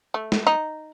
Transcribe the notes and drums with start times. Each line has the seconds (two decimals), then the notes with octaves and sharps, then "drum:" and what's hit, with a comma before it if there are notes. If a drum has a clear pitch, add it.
0.14 A3
0.32 drum: snare
0.47 D#4